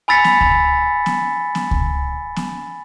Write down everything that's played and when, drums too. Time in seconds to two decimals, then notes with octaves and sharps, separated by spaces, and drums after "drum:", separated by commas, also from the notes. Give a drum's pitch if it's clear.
0.08 G#5 B5 E6 A6 B6 C#7
0.24 drum: snare B3
0.41 drum: kick C#2
1.06 drum: snare B3
1.55 drum: snare B3
1.71 drum: kick C#2
2.36 drum: snare B3